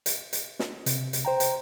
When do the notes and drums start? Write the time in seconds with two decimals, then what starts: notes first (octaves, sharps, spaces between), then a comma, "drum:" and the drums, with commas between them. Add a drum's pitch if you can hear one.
0.06 drum: hi-hat
0.33 drum: hi-hat
0.59 drum: snare
0.86 C3, drum: hi-hat
1.13 drum: hi-hat
1.25 C5 G5 A#5
1.40 drum: hi-hat